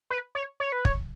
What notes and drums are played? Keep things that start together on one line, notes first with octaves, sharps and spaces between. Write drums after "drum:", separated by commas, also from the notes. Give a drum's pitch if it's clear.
B4
C#5
C#5
B4
C#5, drum: kick